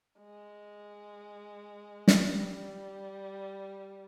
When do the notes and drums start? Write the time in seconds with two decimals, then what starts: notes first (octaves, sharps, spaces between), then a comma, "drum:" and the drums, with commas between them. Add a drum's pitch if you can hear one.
0.19 G#3
2.08 drum: snare
2.24 G3